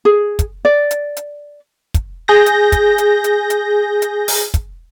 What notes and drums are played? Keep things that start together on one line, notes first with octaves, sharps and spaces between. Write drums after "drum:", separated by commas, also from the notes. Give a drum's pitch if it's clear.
G#4
drum: kick, hi-hat
D5
drum: hi-hat
drum: hi-hat
drum: kick, hi-hat
G#4 G6 A#6
drum: hi-hat
drum: kick, hi-hat
drum: hi-hat
drum: hi-hat
drum: hi-hat
drum: hi-hat
drum: open hi-hat
drum: kick, hi-hat